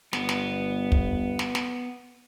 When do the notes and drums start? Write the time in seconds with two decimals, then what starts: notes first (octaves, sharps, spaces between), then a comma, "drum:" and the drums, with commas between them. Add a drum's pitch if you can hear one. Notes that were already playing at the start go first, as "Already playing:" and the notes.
0.13 G1 B3, drum: snare
0.29 drum: snare
0.92 drum: kick
1.39 drum: snare
1.55 drum: snare